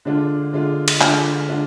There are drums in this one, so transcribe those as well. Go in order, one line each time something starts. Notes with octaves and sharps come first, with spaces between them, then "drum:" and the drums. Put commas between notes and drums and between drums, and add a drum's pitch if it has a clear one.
D3 G#3 D4 F4
D3 G#3 D4 F4
drum: cymbal
D3 G#3 D4 F4, drum: clap
D3 G#3 D4 F4